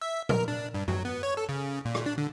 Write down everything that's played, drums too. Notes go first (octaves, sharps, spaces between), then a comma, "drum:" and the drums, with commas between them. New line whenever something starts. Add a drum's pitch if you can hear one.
E5
A#4, drum: tom
D4
G2
F#3, drum: tom F#2
B3
C#5
A4
C#3
A#2
drum: rim click
D4
D3